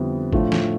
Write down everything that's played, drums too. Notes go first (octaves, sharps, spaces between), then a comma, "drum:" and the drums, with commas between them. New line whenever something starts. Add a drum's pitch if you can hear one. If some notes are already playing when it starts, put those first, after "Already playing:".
Already playing: F2 D3 G3 B3 E4
A2 F3 A3 D4 F4, drum: kick
drum: snare